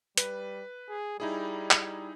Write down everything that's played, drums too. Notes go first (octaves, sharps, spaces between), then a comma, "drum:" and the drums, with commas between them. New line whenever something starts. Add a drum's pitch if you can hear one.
G3 B4, drum: hi-hat
G#4
G3 D#4 E4 G#4
drum: clap